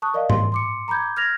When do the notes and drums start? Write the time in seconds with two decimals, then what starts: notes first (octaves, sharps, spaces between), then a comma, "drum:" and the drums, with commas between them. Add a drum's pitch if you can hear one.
0.02 A5 C#6 D#6 F#6
0.14 A#4 D5 D#5 F5
0.30 C6, drum: tom G#2
0.52 C6 D6 C#7
0.88 A#5 B5 D6 G6 G#6
1.17 F6 G6 G#6 A#6 F7